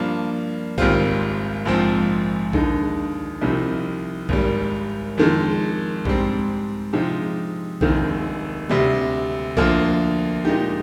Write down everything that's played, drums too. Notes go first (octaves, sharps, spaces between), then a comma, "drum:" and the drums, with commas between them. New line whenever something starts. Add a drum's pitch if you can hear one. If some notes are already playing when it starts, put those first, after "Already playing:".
Already playing: G2 F3 A#3 D4
G#1 G#2 G3 C4 F4, drum: kick B1
A#1 G#2 F3 C4
D#2 D3 G#3 D#4, drum: kick B1
C2 C3 F3 C4 D#4
G#1 G#2 G3, drum: kick B1
F2 D#3 G#3
G#2 G3 C4, drum: kick B1
C3 F3 G#3 D#4 G4
F1 D#2 D#3 G#3 C4, drum: kick B1
D2 C3 G3
D2 D3 F3 A#3, drum: kick B1
A#2 G#3 D#4 G4